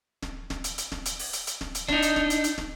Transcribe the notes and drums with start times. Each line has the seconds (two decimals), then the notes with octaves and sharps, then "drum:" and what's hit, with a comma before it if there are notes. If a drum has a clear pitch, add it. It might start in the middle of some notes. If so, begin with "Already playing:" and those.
0.22 drum: snare
0.50 drum: snare
0.64 drum: hi-hat
0.78 drum: hi-hat
0.92 drum: snare
1.05 drum: hi-hat
1.19 drum: open hi-hat
1.33 drum: hi-hat
1.47 drum: hi-hat
1.61 drum: snare
1.75 drum: hi-hat
1.88 D4 D#4, drum: snare
2.02 drum: hi-hat
2.16 drum: snare
2.30 drum: hi-hat
2.44 drum: hi-hat
2.58 drum: snare